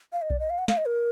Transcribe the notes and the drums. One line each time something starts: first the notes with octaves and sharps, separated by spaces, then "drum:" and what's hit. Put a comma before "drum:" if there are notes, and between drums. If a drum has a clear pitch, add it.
F5
D#5
D5, drum: kick B1
D#5
F5
F#5
F5, drum: snare
D#5
A#4